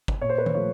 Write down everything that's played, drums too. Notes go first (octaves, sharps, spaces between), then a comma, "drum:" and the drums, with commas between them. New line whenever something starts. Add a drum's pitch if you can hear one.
drum: kick G1
A#2 C#5
C5
B4
C5, drum: tom D#3
F3 A3 C#5